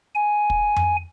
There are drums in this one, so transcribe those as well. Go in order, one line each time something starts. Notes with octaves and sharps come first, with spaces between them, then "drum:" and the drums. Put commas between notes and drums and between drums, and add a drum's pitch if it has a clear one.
G#5
drum: kick
drum: tom F2